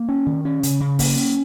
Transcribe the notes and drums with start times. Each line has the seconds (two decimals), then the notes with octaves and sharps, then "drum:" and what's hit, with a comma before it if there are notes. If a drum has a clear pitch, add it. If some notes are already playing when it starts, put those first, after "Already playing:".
Already playing: A#3
0.09 C#4
0.26 D#3
0.45 C#4
0.63 C#3, drum: hi-hat
0.80 C#3
0.99 A#3, drum: kick, open hi-hat
1.16 C#4